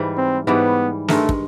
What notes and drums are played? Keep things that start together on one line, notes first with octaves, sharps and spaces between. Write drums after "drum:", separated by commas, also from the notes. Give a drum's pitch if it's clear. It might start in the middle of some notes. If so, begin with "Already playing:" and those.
Already playing: G#2 E3 G3
C4
G#2 E3 G3 B3
G2 D#3 G#3 A3, drum: snare
drum: kick